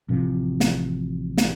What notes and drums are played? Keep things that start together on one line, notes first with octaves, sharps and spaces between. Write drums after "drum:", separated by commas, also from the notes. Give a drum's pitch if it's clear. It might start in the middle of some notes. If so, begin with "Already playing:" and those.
A1 C3 F3
drum: snare
drum: snare